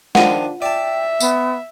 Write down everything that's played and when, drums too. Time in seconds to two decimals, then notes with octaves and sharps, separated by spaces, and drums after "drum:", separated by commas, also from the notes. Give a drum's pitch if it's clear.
0.15 D#3 F3 D4 F4 D#5 F#5, drum: snare
0.62 D5 E5 G5 A5
1.20 B3, drum: tambourine